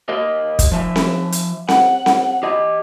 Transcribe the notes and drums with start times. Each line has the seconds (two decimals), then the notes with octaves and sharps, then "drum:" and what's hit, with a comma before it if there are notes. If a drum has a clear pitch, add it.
0.09 G4 A#4 D#5
0.59 drum: kick, hi-hat
0.72 F3 E5
0.96 drum: snare C4
1.32 drum: hi-hat
1.68 F#5, drum: snare C4
2.06 drum: snare C4
2.43 G4 D#5